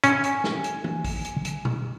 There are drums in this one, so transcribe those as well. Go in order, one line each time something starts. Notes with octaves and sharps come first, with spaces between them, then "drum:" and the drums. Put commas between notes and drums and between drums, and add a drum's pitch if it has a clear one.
C#4 G#5, drum: hi-hat
drum: hi-hat
drum: snare
drum: hi-hat
drum: tom E3
drum: kick, open hi-hat
drum: hi-hat
drum: hi-hat
drum: tom B2